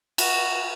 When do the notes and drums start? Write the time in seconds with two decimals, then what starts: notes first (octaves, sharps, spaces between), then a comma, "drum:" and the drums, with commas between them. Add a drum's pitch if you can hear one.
0.18 F#4, drum: cymbal